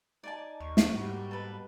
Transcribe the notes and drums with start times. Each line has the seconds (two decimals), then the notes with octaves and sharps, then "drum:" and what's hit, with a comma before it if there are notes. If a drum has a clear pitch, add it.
0.24 D#4 D5 G#5 A5
0.60 D#2 C#6
0.77 drum: snare
0.95 G#2 G3 A#3 F#4
1.31 B2 A4 B4